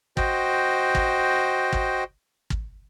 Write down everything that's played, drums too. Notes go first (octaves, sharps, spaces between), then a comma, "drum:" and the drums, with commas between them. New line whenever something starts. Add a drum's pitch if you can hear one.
F#4 C5 D#5 G5, drum: kick
drum: kick
drum: kick
drum: kick